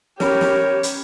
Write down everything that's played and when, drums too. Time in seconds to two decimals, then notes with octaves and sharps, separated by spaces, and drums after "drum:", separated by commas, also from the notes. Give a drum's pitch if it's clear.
0.20 C#4 G4 A#4 C#5 B5, drum: snare
0.41 drum: snare
0.83 drum: hi-hat